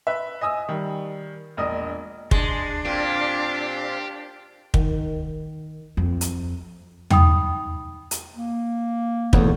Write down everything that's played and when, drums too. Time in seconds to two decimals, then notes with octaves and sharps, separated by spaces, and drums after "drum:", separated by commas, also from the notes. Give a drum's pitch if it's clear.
0.07 B4 E5
0.41 D#5 G#5 D#6 E6
0.69 D#3 G3
1.57 E1 A#1 D#5 D#6
2.31 G#3 D4 C6, drum: kick
2.85 A#2 C4 G4 F5
4.74 D#3, drum: kick
5.97 F2
6.21 drum: hi-hat
7.10 D#4 G5 B5 D#6, drum: tom
8.11 drum: hi-hat
8.36 A#3
9.33 E1 E2 A3 B3, drum: kick